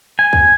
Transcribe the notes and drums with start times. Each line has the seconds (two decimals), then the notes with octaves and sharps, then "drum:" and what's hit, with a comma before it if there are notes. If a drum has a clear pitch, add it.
0.19 G#5
0.33 drum: kick